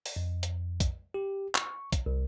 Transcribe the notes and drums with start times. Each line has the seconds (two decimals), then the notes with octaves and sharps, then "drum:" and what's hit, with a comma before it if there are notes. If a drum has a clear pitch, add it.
0.06 drum: open hi-hat
0.16 F2
0.43 drum: hi-hat
0.80 drum: kick, hi-hat
1.14 G4
1.55 C#6, drum: clap
1.92 drum: kick, hi-hat
2.06 C2